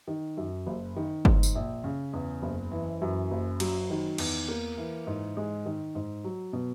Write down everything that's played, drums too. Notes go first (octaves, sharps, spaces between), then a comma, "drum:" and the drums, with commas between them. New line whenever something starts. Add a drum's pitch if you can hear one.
D#3
F#2
F#1
D#3
G#2, drum: kick G1
drum: tambourine
A#1
C#3
E2
F#1
E3
F#2
F#1
F#3, drum: cymbal
D#3
E2, drum: cymbal
A#3
E3
G#2
G#3
D#3
G#2
F#3
B2